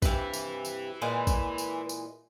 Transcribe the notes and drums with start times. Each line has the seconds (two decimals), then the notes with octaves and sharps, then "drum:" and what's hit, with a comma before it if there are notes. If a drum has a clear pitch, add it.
0.02 G2 C3 B4 E5, drum: kick A#1, tambourine
0.34 drum: tambourine
0.65 drum: tambourine
1.02 A#2 E3 G#3
1.27 drum: kick A#1, tambourine
1.58 drum: tambourine
1.89 drum: tambourine